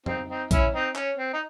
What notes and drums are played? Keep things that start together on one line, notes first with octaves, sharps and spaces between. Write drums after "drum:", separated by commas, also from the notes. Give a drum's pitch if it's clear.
C4 D#4, drum: tom F2
C4 D#4
C#4 E4, drum: kick A#1, hi-hat
C4 D#4
C#4, drum: clap
C4
D#4